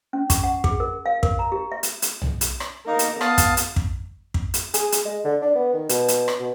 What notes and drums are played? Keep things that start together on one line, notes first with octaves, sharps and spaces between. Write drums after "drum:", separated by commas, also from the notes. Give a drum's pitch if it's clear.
C#4
C#6, drum: kick, hi-hat
F#5
G#4, drum: kick
A#4
F5
A#4, drum: kick
A#5
G4
E5
drum: hi-hat
drum: hi-hat
drum: tom B1
drum: hi-hat
drum: rim click
A#3 D#4 A#4
drum: hi-hat
B3 F5 A5 D#6, drum: rim click
drum: kick, hi-hat
drum: hi-hat
drum: kick
drum: kick
drum: hi-hat
G#4, drum: hi-hat
drum: hi-hat
G#3
D3
D4
B3
D#3
B2, drum: hi-hat
drum: hi-hat
drum: rim click
B2